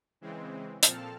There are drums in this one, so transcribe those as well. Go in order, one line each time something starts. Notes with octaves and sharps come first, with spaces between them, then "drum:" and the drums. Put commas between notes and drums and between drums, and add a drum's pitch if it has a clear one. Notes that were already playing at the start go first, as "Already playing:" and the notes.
C#3 E3 G#3 C4
A#2 F3 C4 A4 A5 F6, drum: hi-hat